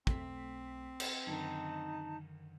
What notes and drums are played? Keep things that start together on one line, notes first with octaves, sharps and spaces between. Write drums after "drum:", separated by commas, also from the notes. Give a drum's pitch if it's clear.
B1 A3 C4 B6, drum: kick
drum: cymbal
F#2 D3 D#3 D#4 A5